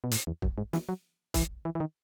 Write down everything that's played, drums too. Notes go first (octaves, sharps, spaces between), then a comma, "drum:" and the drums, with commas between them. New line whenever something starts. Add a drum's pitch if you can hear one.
B2
A2, drum: hi-hat
E2
F#2, drum: kick
G#2
E3, drum: snare
F#3
E3, drum: kick, hi-hat
E3
E3
D#3